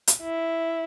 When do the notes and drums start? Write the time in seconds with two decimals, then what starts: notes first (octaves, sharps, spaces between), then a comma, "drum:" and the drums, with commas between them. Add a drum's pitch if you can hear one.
0.07 drum: hi-hat
0.22 E4